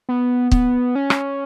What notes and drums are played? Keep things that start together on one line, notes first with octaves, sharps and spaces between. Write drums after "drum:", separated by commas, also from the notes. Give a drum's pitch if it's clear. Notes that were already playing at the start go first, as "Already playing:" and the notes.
B3
B3, drum: kick
C#4
drum: rim click